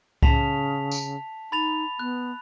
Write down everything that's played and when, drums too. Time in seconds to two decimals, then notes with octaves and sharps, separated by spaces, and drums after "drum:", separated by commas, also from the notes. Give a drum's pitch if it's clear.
0.23 C#3 A5 B6 F7, drum: kick C2
0.92 drum: tambourine
1.52 D#4 B5 A6 F7
1.99 B3 F#6